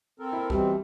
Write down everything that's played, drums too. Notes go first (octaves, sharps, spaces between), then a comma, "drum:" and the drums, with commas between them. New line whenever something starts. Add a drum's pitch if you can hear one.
C4 A4 A#4
E4
B2 E3 G3 C4, drum: kick A#1